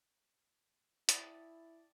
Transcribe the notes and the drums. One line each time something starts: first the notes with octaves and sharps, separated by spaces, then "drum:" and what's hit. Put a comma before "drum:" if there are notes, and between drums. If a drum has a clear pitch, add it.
E4 D5 G5 A5 B5 D#6 A6, drum: hi-hat